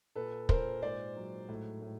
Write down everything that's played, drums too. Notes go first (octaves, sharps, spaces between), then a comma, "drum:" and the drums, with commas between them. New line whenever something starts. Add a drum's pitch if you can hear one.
A#2 A4 B4
A#2 A#4 C5, drum: kick
G#2 C5 D5
F#3
A2
A2